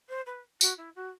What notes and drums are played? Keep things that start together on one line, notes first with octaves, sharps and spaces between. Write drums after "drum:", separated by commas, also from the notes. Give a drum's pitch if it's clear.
C5
B4
F#4, drum: tambourine
E4
F#4